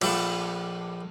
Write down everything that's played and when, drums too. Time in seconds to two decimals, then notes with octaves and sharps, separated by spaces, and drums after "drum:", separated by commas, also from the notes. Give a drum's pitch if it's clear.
0.01 A#1 A3 G4 B4 F#5 A5, drum: cymbal